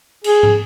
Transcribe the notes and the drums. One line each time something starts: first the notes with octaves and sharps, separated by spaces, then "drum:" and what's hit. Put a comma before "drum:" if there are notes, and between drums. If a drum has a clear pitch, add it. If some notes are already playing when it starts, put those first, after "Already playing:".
G#4, drum: cymbal
drum: tom